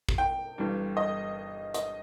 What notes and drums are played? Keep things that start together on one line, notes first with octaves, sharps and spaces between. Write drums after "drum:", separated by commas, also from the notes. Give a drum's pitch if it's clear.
drum: kick
G5
G1 G2 E3 G3
D#5
D#5, drum: hi-hat